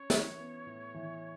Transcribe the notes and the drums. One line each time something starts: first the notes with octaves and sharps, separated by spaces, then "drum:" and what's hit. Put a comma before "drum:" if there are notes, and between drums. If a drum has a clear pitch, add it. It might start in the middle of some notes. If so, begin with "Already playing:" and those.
Already playing: C#4 C#5
E3, drum: snare
B3
A2
E3